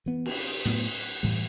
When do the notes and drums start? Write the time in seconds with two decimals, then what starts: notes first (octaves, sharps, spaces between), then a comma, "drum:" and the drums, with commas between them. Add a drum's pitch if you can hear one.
0.06 E3 B3
0.26 drum: cymbal
0.65 A2 F#3 B3, drum: hi-hat
1.23 A2 E3 G3